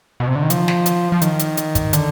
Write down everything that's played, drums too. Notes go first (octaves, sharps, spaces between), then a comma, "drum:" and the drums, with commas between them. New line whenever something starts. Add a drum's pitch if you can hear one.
B2
C3
D3
D#3
F3, drum: hi-hat
drum: snare
drum: hi-hat
F3
D#3, drum: hi-hat
drum: hi-hat
drum: hi-hat
drum: kick, hi-hat
D3, drum: hi-hat